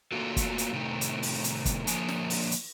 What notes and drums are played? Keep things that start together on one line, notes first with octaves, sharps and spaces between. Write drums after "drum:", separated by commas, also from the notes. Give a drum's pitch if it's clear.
A3 A#3 F4 F#4 A4
drum: kick, hi-hat
drum: hi-hat
A2 C3 D#3 A3
drum: hi-hat
drum: open hi-hat
drum: hi-hat
drum: kick, hi-hat
D3 F3 A#3 G#5, drum: hi-hat
drum: snare
drum: open hi-hat
drum: hi-hat